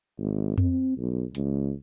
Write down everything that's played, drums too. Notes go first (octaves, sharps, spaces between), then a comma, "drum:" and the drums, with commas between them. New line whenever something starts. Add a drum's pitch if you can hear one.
G#1
C4, drum: tom F2
B1
C#2, drum: hi-hat